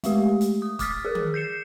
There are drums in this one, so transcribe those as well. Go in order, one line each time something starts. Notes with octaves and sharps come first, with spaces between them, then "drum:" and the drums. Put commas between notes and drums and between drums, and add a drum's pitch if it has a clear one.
G#3 A3 G4, drum: hi-hat
drum: hi-hat
D#6
D6 D#6 F6 A6 B6, drum: kick, hi-hat
G#4 A#4
drum: tom D#3
G6 C7 C#7 E7